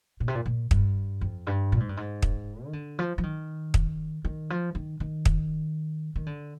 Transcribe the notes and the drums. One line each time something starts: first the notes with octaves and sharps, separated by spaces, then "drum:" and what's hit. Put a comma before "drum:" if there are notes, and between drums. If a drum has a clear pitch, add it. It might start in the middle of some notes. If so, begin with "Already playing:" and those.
A#2
C3
A#2
A#2
G2, drum: kick
F2
G2
A#2
G#2
G2
G#2
drum: kick
D#3
D3
F3
F3
D#3
drum: kick
D#3
F3
D#3
D#3
drum: kick
D#3
D3